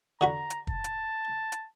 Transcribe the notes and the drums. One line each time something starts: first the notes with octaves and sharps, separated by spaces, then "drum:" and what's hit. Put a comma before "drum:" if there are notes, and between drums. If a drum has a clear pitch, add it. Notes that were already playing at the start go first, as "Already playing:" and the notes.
D3 F#4 A#5 B5
drum: hi-hat
A5, drum: kick
drum: hi-hat
drum: hi-hat